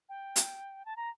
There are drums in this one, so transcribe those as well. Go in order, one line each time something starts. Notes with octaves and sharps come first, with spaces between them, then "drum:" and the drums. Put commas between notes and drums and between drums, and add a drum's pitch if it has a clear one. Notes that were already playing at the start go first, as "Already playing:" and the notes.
G5
drum: hi-hat
A5
A#5